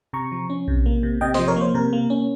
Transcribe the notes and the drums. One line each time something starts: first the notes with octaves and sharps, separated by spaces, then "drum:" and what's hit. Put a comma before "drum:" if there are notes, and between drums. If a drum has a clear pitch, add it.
C3 A#5 C#6
F3
C#4
C3, drum: kick A#1
A#3
C3
C3 D#5 G5
C5 D#5, drum: snare
F3
A#4 C#5
A#3 C5
C3 A#4
A#3
C#4